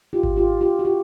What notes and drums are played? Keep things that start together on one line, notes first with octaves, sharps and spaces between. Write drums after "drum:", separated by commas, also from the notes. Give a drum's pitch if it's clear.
F4 G4
drum: kick G#1
F4 G4
F4 G4
F#4
F4 G4